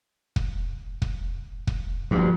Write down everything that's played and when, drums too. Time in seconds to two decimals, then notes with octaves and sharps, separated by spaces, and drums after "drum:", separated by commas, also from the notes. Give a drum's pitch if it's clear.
0.36 drum: kick
1.02 drum: kick
1.67 drum: kick
2.11 D2 G2 F3